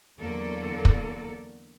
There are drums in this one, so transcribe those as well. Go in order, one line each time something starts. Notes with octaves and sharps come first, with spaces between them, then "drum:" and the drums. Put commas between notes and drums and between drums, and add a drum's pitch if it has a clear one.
E2 D3 F#3 A#3 A4 D5
drum: kick